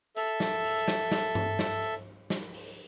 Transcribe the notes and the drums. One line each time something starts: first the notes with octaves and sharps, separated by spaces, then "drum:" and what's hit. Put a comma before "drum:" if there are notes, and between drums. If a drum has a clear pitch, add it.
A4 E5, drum: hi-hat
drum: snare
drum: open hi-hat
drum: snare
drum: snare
drum: tom G2
drum: snare
drum: hi-hat
drum: snare
drum: open hi-hat